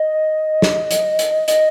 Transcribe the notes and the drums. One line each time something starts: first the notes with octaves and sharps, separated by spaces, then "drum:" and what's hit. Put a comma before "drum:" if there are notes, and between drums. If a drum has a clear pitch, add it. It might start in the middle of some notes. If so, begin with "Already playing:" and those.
Already playing: D#5
drum: snare
drum: hi-hat
drum: hi-hat
D#5, drum: hi-hat